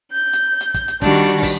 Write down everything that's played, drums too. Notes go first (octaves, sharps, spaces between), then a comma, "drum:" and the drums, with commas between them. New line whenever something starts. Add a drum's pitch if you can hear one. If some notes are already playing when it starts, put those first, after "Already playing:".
G6
drum: hi-hat
drum: hi-hat
drum: kick, hi-hat
drum: hi-hat
D#3 G3 D4 F#4, drum: kick, hi-hat
drum: hi-hat
drum: hi-hat
drum: kick, open hi-hat